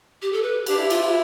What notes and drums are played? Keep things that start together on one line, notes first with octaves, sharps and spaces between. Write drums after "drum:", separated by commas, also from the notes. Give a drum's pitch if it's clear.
G4
A4
B4
D4 G4, drum: cymbal
E4
F4, drum: cymbal